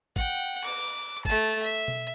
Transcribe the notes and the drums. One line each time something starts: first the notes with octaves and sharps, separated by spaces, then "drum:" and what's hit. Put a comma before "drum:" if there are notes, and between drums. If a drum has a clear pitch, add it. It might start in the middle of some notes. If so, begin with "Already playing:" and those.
F#5 G5, drum: kick
D6, drum: cymbal
A3 A5, drum: kick
E5
drum: tom B2